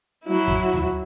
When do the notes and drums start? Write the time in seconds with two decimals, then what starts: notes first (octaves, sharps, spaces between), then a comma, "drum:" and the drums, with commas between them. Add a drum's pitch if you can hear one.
0.25 F#3 E4
0.48 drum: kick
0.73 drum: tom D2